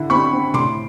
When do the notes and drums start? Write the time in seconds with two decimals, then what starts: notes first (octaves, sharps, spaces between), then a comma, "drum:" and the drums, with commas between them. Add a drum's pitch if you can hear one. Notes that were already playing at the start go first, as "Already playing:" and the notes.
Already playing: D3 E4
0.10 C4 B5 C#6
0.33 C4
0.54 A2 C6 D6, drum: tom